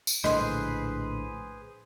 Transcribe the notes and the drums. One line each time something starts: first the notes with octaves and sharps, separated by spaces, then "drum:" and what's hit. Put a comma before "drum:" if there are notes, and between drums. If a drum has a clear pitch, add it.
drum: tambourine
A#1 A2 D3 G#4 B4 C5 D#5 C6, drum: rim click